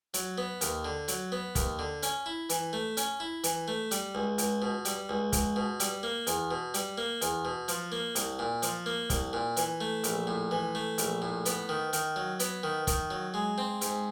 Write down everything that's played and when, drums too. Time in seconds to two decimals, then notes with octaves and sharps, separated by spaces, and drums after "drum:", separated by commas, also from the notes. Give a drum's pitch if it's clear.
0.14 F#3, drum: hi-hat
0.38 B3
0.61 D#2, drum: hi-hat
0.85 D3
1.08 F#3, drum: hi-hat
1.32 B3
1.55 D#2, drum: kick, hi-hat
1.79 D3
2.03 C#4, drum: hi-hat
2.26 E4
2.50 E3, drum: hi-hat
2.73 A3
2.97 C#4, drum: hi-hat
3.20 E4
3.44 E3, drum: hi-hat
3.68 A3
3.91 G3, drum: hi-hat
4.15 C#2
4.38 C#2, drum: hi-hat
4.62 B2
4.85 G3, drum: hi-hat
5.09 C#2
5.33 C#2, drum: kick, hi-hat
5.56 B2
5.80 G3, drum: hi-hat
6.03 A#3
6.27 E2, drum: hi-hat
6.51 B2
6.74 G3, drum: hi-hat
6.98 A#3
7.22 E2, drum: hi-hat
7.45 B2
7.68 F3, drum: hi-hat
7.92 A#3
8.15 C2, drum: hi-hat
8.39 A#2
8.63 F3, drum: hi-hat
8.86 A#3
9.10 C2, drum: kick, hi-hat
9.33 A#2
9.57 E3, drum: hi-hat
9.81 A3
10.04 A#1, drum: hi-hat
10.27 A2
10.51 E3
10.75 A3
10.98 A#1, drum: hi-hat
11.22 A2
11.46 B3, drum: hi-hat
11.69 D#3
11.93 D#3, drum: hi-hat
12.16 F#3
12.40 B3, drum: hi-hat
12.63 D#3
12.87 D#3, drum: kick, hi-hat
13.11 F#3
13.34 G#3
13.58 C4
13.81 G#2, drum: hi-hat